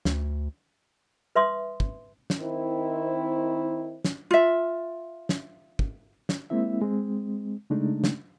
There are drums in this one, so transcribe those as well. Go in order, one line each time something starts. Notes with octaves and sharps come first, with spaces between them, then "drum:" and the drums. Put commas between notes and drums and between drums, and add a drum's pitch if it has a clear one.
D2, drum: snare
B4 E5 C6 D#6
drum: kick
drum: snare
D#3 C4 E4
drum: snare
F4 E5
drum: snare
drum: kick
drum: snare
G#3 A#3 C4 E4 E5
G#3 C4
C#3 G#3 A3 D4 D#4
drum: snare